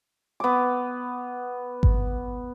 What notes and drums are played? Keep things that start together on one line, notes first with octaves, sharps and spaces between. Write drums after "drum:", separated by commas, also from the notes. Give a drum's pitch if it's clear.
B3 D6
drum: kick G#1